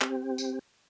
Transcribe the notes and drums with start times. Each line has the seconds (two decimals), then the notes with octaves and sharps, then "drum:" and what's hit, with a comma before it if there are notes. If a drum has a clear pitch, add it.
0.01 C4 G4, drum: clap
0.38 drum: tambourine